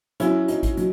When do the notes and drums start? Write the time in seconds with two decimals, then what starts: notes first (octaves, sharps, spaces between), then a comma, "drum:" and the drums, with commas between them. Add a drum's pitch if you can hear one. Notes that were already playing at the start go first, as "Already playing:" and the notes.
0.20 F#3 C#4 E4, drum: hi-hat
0.48 D#4, drum: hi-hat
0.63 drum: kick G#1, hi-hat
0.77 F#3, drum: hi-hat